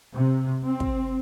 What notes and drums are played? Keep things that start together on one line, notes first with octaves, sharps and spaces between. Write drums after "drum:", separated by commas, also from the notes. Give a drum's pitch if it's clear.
C3
C4
drum: kick